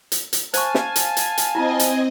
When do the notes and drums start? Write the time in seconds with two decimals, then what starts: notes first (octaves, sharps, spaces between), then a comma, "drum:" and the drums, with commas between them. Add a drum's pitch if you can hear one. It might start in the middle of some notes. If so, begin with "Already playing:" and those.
0.12 drum: hi-hat
0.33 drum: hi-hat
0.54 C5 F5 G#5 A5 C#6, drum: hi-hat
0.75 drum: snare
0.96 drum: hi-hat
1.17 drum: hi-hat
1.38 drum: hi-hat
1.55 C4 E4 F4 D#5
1.80 drum: hi-hat